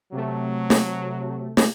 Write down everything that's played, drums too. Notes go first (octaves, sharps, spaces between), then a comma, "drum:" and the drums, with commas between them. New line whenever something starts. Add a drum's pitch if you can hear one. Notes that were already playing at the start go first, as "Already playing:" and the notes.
C3 F#3 A3
drum: snare
drum: snare